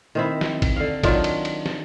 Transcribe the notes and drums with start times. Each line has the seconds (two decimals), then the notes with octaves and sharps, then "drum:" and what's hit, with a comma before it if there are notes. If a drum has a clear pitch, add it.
0.15 D#3 C4 E4
0.41 drum: snare
0.62 drum: kick, cymbal
0.76 D3 F5
1.03 D#3 F#3 D4 F4, drum: kick, cymbal
1.24 drum: cymbal
1.45 drum: cymbal
1.66 drum: snare